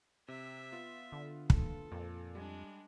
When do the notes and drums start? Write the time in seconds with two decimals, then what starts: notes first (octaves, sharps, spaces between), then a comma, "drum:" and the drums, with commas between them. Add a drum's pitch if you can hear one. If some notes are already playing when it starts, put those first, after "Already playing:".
0.28 C3 E5
0.72 B3 F4
1.12 D3
1.50 A4, drum: kick
1.92 F2 A#2
2.35 G3 G#3 D4